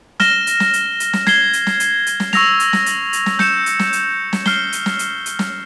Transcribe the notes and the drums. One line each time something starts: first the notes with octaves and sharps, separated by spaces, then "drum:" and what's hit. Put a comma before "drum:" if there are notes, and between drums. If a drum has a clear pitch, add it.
F6 A#6 E7 G7, drum: snare
drum: hi-hat
drum: snare
drum: hi-hat
drum: hi-hat
drum: snare
G#6 C7 G7, drum: snare
drum: hi-hat
drum: snare
drum: hi-hat
drum: hi-hat
drum: snare
C#6 E6 A#6 F7, drum: snare
drum: hi-hat
drum: snare
drum: hi-hat
drum: hi-hat
drum: snare
G6 C#7 E7, drum: snare
drum: hi-hat
drum: snare
drum: hi-hat
drum: snare
F6 C7 G7, drum: snare
drum: hi-hat
drum: snare
drum: hi-hat
drum: hi-hat
drum: snare